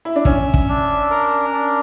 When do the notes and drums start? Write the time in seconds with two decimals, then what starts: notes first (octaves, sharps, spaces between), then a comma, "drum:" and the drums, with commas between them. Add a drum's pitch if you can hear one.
0.05 E4
0.16 D4
0.25 C#4 E5, drum: kick
0.54 drum: kick
0.68 D4
1.11 A#4
1.53 D4